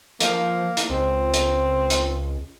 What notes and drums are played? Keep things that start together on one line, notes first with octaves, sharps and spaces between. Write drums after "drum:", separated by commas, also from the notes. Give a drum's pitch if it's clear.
F3 A#3, drum: hi-hat
drum: hi-hat
C#2 C4
drum: hi-hat
drum: hi-hat